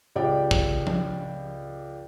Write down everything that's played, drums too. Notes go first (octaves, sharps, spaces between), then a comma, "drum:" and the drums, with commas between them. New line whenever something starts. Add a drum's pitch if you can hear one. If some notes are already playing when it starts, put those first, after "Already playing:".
C#2 G4 D5 G5
drum: kick
drum: tom F3